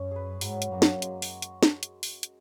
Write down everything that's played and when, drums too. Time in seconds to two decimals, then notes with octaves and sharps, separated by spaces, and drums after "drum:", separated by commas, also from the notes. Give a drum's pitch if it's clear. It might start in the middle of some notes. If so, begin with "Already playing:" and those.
Already playing: F#2 C#4
0.11 G#4 B4
0.41 G#2 F#3, drum: open hi-hat
0.62 drum: hi-hat
0.72 F#2 A#3 C#4 F#4
0.82 drum: snare
1.02 G#3, drum: hi-hat
1.22 drum: open hi-hat
1.42 drum: hi-hat
1.63 drum: snare
1.83 drum: hi-hat
2.03 drum: open hi-hat
2.23 drum: hi-hat